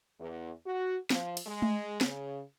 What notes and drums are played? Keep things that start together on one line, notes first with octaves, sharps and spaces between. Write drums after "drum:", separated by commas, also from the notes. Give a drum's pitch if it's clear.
E2
F#4
F3, drum: snare
drum: cymbal
G#3
drum: tom G#3
C#3, drum: snare